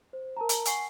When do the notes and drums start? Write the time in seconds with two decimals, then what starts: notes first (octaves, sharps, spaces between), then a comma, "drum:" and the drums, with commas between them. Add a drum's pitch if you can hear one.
0.13 C5
0.37 A#4 A5 A#5
0.49 drum: hi-hat
0.65 F#5 G#5 C#6 C7, drum: hi-hat